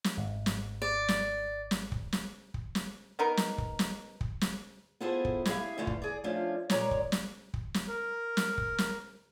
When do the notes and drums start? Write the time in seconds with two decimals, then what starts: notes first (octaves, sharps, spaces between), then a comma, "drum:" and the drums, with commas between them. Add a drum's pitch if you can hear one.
0.04 drum: snare
0.18 G#1
0.46 drum: snare
0.82 D5
1.08 drum: snare
1.71 drum: snare
1.92 drum: kick
2.13 drum: snare
2.54 drum: kick
2.75 drum: snare
3.19 B3 D#4 A#4
3.37 drum: snare
3.58 drum: kick
3.79 drum: snare
4.21 drum: kick
4.41 drum: snare
5.00 B3 E4 F4 G#4 A4 C5
5.25 drum: kick
5.45 E4 G4 G#4 C5 E5 F5, drum: snare
5.78 D3 E3 A3 F4
5.87 drum: kick
6.02 G#4 D5
6.24 F3 A3 C#4 D4 F4
6.70 A#2 G#3 C#5 D5 A#5, drum: snare
6.91 drum: kick
7.12 drum: snare
7.54 drum: kick
7.74 drum: snare
7.88 A#4
8.37 drum: snare
8.58 drum: kick
8.78 drum: snare